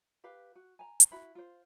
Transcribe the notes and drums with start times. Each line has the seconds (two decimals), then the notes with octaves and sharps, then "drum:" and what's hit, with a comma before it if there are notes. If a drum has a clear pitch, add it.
0.24 G4 B4 F5
0.55 F#4
0.79 G#5 A#5
1.00 drum: hi-hat
1.11 E4 F#4 B5
1.35 F4 C5